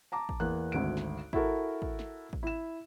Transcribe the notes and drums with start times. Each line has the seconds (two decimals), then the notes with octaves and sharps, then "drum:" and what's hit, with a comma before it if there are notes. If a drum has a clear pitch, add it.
0.12 A5 A#5 D6
0.29 drum: kick
0.40 E2 A#3 F#6
0.72 G#1 D2 D7
0.97 drum: snare
1.33 E4 F#4 A4 A#4, drum: kick
1.82 drum: kick
1.99 drum: snare
2.33 drum: kick
2.43 E4 E7